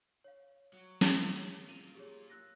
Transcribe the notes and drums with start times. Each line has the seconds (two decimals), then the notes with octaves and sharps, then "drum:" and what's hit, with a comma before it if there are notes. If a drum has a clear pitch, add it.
0.24 C#5 F5
0.73 F#3
1.01 drum: snare
1.12 E6 A6 B6
1.68 A#3 F4 D#7 F7
1.95 G4 G#4 C#5
2.30 E6 F#6 A#6